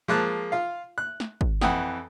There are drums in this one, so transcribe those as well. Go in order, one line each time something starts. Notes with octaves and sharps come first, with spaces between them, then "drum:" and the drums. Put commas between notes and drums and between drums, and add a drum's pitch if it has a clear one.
F3 G#3 A#3 A5 F#6
F4 F5
F#6
drum: snare
drum: kick
F2 E3 F#5 G5 D#6, drum: snare